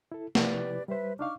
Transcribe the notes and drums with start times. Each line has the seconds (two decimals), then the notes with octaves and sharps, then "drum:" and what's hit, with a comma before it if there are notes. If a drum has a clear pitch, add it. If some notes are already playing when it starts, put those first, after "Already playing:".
0.12 E4 A4
0.35 C3 F3 E4 G4 B4 D5, drum: snare
0.88 G3 B4 C5 E5
1.19 D4 D#4 F5 C#6 D6 F6